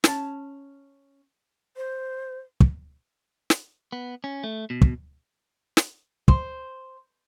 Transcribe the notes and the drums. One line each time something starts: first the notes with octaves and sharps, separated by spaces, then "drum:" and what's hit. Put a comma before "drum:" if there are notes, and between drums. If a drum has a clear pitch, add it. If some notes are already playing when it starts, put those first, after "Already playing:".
C#4 A5, drum: snare
C5
drum: kick
drum: snare
B3
C#4
A3
B2
drum: kick
drum: snare
C5, drum: kick